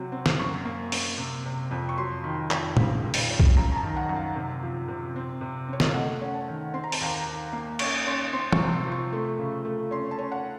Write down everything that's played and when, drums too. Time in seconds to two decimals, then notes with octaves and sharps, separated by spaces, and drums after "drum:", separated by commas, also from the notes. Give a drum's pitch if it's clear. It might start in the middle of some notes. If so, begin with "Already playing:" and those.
Already playing: C3 F#3 C4 F#5
0.12 C4
0.26 drum: snare
0.39 F#2 C#6
0.65 A#3
0.92 A#3, drum: open hi-hat
1.18 C3
1.45 C3
1.71 F2
1.89 C#6
1.98 F#3 C6
2.24 D#3
2.51 F2, drum: clap
2.77 C#3, drum: tom
3.04 C#2
3.14 drum: open hi-hat
3.31 C#4
3.40 drum: kick B1
3.56 F#2 A#5
3.72 A#5
3.76 A5
3.83 D#3
3.97 F#5
4.09 F#2 F#5
4.16 F5
4.36 C3
4.63 F3
4.88 C3
5.16 C4
5.41 C3
5.68 C4 C#5
5.80 D#5, drum: snare
5.87 F5
5.95 A3 F#5
6.21 C#4
6.34 A5
6.48 D#3
6.74 C4 C6
6.84 A#5
6.92 A5, drum: open hi-hat
7.01 D#2 A#5
7.14 A#5
7.27 D#2
7.53 A#3
7.79 C#4 C#6, drum: cymbal
8.06 C#4 C6
8.33 C4 C6
8.53 C#6, drum: tom
8.59 C3
8.73 C6
8.83 F3 C6
8.92 C#6
9.12 A3
9.39 C#3
9.65 A3
9.91 C#4 C6
10.11 A5
10.19 C#4
10.32 F#5